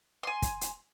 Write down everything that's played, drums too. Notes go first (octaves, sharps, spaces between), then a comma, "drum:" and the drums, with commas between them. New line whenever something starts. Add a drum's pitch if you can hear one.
G#5 C6
drum: kick, hi-hat
drum: hi-hat